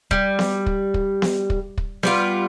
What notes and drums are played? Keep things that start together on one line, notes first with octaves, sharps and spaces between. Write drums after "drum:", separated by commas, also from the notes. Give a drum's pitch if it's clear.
G3, drum: kick
drum: snare B3
drum: kick
drum: kick
drum: snare B3
drum: kick
drum: kick
G3 B3 F4, drum: snare B3